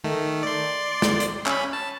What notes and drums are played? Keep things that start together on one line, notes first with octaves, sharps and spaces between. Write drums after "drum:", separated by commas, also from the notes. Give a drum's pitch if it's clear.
D#3 A3
D5 C6
drum: snare
drum: hi-hat
C#4 B5, drum: clap
A5